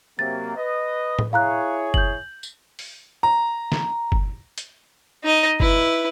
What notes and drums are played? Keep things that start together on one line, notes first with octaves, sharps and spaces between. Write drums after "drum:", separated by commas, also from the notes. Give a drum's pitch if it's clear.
C3 F#3 A#3 A6
B4 D#5
drum: tom A2
E4 G#4 C#5 F5 A#5 F#6
G6 F#7, drum: kick F#1
drum: tambourine
drum: open hi-hat
A#5
drum: snare
drum: kick F#1
drum: hi-hat
D#4 D#5
E4 B4, drum: kick F#1